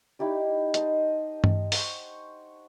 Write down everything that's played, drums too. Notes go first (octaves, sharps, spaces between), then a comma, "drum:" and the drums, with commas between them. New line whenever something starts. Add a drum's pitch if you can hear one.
D#4 E4 G4 D5
C5 D#5 A5, drum: hi-hat
drum: tom G2
C5 F#5 C#6, drum: open hi-hat